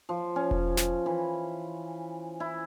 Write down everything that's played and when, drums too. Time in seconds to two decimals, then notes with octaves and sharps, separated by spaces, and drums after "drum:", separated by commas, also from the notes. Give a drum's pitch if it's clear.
0.09 F3
0.36 C#4
0.51 drum: kick E1
0.77 drum: snare
1.06 E3
2.40 E4